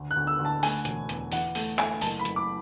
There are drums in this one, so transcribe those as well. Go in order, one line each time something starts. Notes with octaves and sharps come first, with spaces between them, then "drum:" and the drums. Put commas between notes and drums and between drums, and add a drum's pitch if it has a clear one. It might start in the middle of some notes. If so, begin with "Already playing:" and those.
Already playing: D2
F#6
D2
E6
D2
A5
A3 G#5, drum: open hi-hat
E1, drum: hi-hat
E2, drum: hi-hat
E3 F#5, drum: open hi-hat
A3, drum: open hi-hat
A3 G#5, drum: clap
F#1 A5, drum: open hi-hat
B5
F#1, drum: hi-hat
D6